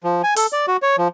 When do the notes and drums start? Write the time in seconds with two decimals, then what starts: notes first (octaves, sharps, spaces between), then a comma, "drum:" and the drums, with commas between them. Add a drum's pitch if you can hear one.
0.04 F3
0.23 G#5
0.37 A4, drum: open hi-hat
0.53 D5
0.68 F#4
0.82 C#5
0.98 F3